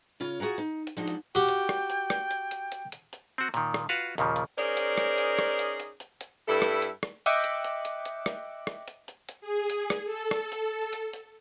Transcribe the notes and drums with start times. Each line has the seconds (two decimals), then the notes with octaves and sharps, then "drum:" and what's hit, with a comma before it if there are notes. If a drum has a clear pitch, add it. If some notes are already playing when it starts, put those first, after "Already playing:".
0.20 C#3 F4 C#5
0.40 F4 F#4 G#4 F#5 A#5
0.58 D#4
0.87 drum: hi-hat
0.97 F3 G#3 D4 D#4 F#4
1.08 drum: hi-hat
1.35 F#4 G4 G5
1.49 drum: hi-hat
1.69 drum: rim click
1.90 drum: hi-hat
2.10 drum: rim click
2.31 drum: hi-hat
2.51 drum: hi-hat
2.72 drum: hi-hat
2.92 drum: hi-hat
3.13 drum: hi-hat
3.38 C4 F#4
3.54 A#2 D#3, drum: hi-hat
3.74 drum: rim click
3.89 F4 F#4 B4 F5
4.18 D#2 A#2 C#3 F3, drum: hi-hat
4.36 drum: hi-hat
4.58 C#4 D#4 G#4 A#4 C5 D5, drum: hi-hat
4.77 drum: hi-hat
4.98 drum: rim click
5.18 drum: hi-hat
5.39 drum: rim click
5.59 drum: hi-hat
5.80 drum: hi-hat
6.00 drum: hi-hat
6.21 drum: hi-hat
6.48 G2 E4 A4
6.62 drum: rim click
6.82 drum: hi-hat
7.03 drum: rim click
7.26 D#5 E5 G5 D6 F#6 C#7, drum: hi-hat
7.44 drum: hi-hat
7.64 drum: hi-hat
7.85 drum: hi-hat
8.05 drum: hi-hat
8.26 drum: rim click
8.67 drum: rim click
8.88 drum: hi-hat
9.08 drum: hi-hat
9.29 drum: hi-hat
9.41 G#4
9.70 drum: hi-hat
9.90 drum: rim click
10.05 A4
10.31 drum: rim click
10.52 drum: hi-hat
10.93 drum: hi-hat
11.13 drum: hi-hat